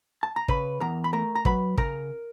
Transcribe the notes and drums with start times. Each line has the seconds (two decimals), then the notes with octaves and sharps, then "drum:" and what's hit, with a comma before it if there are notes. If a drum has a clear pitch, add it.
0.23 A5
0.36 A#5
0.48 C#3 B4 B5, drum: kick
0.80 E2 A#4 A#5
1.04 B5
1.13 A3 A#4 A#5
1.35 A#5
1.45 F#3 B4 B5, drum: kick
1.77 C#3 A#4 A#5, drum: kick